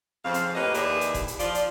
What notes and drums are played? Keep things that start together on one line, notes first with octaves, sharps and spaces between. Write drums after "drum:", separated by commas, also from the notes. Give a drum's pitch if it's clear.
F2 C#3 F3 C4 F5
drum: hi-hat
A2 A#3 G4 B4 C#5 D#5
D#2 E4 G4 G#4 B4 D5, drum: hi-hat
drum: hi-hat
drum: kick F#1, hi-hat
drum: hi-hat
F3 F4 D5, drum: hi-hat
drum: hi-hat